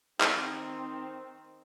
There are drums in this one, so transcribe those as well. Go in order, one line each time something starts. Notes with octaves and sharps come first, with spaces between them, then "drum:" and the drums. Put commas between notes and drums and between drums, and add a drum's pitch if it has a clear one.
D#3 C4 D#4, drum: clap